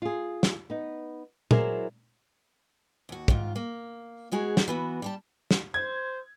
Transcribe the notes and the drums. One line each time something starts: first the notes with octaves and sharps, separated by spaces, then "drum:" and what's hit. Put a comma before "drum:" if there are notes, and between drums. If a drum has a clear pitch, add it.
F4 G#4
drum: snare
B3 D#4
F#3 E4 G#4 A#4 C5 D5, drum: tom
D#2 F#4
G#2 D#3 F4, drum: kick
A#3
B2 G#3 F#4 G#4
drum: snare
E3 B3 F#4
G3 G4 A5
drum: snare
C5 G#6